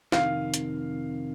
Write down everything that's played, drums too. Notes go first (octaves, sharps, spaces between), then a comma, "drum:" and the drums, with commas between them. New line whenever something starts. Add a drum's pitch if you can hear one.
F2 C3 D#3 F5, drum: snare
drum: hi-hat